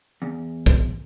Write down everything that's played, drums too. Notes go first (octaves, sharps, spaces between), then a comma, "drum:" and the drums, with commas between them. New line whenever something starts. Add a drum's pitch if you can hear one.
E2
drum: kick